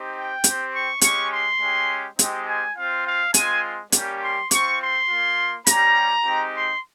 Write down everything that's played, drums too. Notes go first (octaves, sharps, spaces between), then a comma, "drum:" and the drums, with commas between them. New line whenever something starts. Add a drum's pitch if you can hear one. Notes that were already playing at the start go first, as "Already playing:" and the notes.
Already playing: C4 D#4 G4
G5
C4 G4, drum: hi-hat
C#6
G#3 C#4 G4 C#6, drum: hi-hat
C6
G#3 C#4 G4
G#3 C4 D#4 G4, drum: hi-hat
G#5
C4 F4 F5
F5
G#3 C4 F4 G#5, drum: hi-hat
G3 A#3 C#4 G4, drum: hi-hat
C6
C4 F4 C#6, drum: hi-hat
C6
A#3 F4
G3 C#4 G4 A#5, drum: hi-hat
G#3 C4 D#4 G4
C6